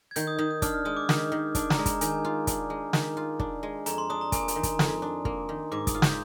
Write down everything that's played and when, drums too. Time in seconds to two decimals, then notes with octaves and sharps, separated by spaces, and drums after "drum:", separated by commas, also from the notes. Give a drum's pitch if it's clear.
0.11 G#6
0.16 D#3 G6, drum: hi-hat
0.27 D#6
0.38 D#3 D#6
0.51 D#6
0.62 D4 F6, drum: kick, hi-hat
0.74 F6
0.85 G#3 D#6
0.97 D6
1.09 D#3, drum: snare
1.32 D#3
1.55 D4 D6, drum: kick, hi-hat
1.70 A#5, drum: snare
1.79 G#3
1.86 A#5, drum: kick, hi-hat
2.01 D#3 G#5, drum: hi-hat
2.25 F4
2.47 D4, drum: kick, hi-hat
2.70 G#3
2.93 D#3, drum: snare
3.17 F4
3.40 D4, drum: kick
3.63 G#3
3.86 F2 A#5, drum: hi-hat
3.98 C6
4.10 D4 D#6
4.21 A#5
4.32 A#3 G#5, drum: kick, hi-hat
4.48 A#5, drum: hi-hat
4.56 D#3
4.63 A#5, drum: kick, hi-hat
4.79 F2, drum: snare
5.02 D4
5.25 A#3, drum: kick
5.49 D#3
5.72 G#2 D6
5.87 D#6, drum: kick, hi-hat
5.95 F4
6.02 G6, drum: snare